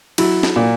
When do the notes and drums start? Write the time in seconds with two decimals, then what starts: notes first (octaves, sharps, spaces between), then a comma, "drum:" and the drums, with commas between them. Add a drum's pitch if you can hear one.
0.18 F#3 E4, drum: cymbal
0.43 drum: snare
0.56 A#2